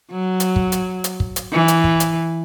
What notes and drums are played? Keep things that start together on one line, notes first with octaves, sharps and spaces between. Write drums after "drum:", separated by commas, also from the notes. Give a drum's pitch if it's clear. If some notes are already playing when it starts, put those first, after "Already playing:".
F#3
drum: hi-hat
drum: kick
drum: hi-hat
drum: hi-hat
drum: kick
drum: hi-hat
E3
drum: hi-hat
drum: kick
drum: hi-hat